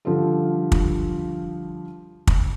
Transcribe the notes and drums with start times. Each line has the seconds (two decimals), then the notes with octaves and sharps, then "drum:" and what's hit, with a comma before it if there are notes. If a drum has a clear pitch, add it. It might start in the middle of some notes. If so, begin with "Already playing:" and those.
0.05 D3 F3 G3 F4 A4
0.72 drum: kick
2.27 drum: kick